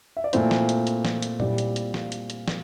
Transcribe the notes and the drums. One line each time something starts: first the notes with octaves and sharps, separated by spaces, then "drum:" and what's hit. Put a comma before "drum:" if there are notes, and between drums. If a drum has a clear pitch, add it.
E5
D5
A#2 A3 C4 E4 C5, drum: hi-hat
drum: snare
drum: hi-hat
drum: hi-hat
drum: snare
drum: hi-hat
A#2 G3 C4 E4 D5, drum: tom A#2
drum: hi-hat
drum: hi-hat
F5, drum: snare
drum: hi-hat
drum: hi-hat
drum: snare